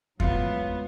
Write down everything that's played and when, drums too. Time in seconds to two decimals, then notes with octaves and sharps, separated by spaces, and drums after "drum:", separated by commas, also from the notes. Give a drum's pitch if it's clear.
0.20 A1 G#2 F#3 B3 F4, drum: kick E2